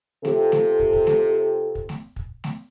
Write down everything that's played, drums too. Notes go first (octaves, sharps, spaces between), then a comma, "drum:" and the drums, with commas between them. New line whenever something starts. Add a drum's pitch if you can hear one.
C3 F4 A4, drum: snare A3
drum: snare A3
drum: kick
drum: kick
drum: snare A3
drum: kick
drum: snare A3
drum: kick
drum: snare A3